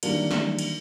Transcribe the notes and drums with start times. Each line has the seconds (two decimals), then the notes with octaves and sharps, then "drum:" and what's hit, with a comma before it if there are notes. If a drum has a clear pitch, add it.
0.03 D#3 E3 F#3 G3 A#3 D4, drum: cymbal
0.31 drum: snare
0.59 drum: cymbal